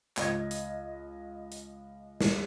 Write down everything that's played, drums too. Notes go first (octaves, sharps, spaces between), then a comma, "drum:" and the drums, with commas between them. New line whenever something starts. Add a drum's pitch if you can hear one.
C#2 D#5 G#6, drum: clap
drum: hi-hat
drum: hi-hat
drum: snare